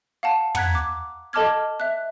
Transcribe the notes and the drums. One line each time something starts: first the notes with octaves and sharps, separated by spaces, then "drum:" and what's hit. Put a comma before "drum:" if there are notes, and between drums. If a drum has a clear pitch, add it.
F5 F#5 A5
F#5 A#5 F#6 G#6 B6, drum: tom
D6
A4 D#5 A5 D6 F6 G#6
E5 F#6